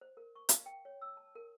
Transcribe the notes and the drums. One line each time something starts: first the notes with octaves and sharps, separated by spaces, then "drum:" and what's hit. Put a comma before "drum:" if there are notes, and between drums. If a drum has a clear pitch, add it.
C5
A#4
C#6
F5, drum: hi-hat
G5
C#5
E6
A5
A#4